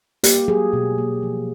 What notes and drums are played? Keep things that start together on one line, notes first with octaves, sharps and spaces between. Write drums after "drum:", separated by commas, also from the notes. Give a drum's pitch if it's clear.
A#3 G4, drum: hi-hat
F#3 G#4
B2
A#3
F3